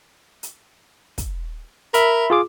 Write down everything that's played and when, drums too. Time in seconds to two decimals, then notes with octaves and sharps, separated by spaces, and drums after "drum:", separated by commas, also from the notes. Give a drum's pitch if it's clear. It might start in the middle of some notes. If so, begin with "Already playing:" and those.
0.43 drum: hi-hat
1.18 drum: kick, hi-hat
1.94 A#4 E5 B5, drum: hi-hat
2.30 F4 G#4 D6